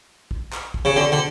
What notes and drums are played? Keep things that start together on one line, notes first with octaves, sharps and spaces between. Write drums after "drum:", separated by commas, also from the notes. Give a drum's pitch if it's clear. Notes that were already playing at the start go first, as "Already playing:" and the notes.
drum: kick
drum: clap
drum: kick
C#3
D3
D3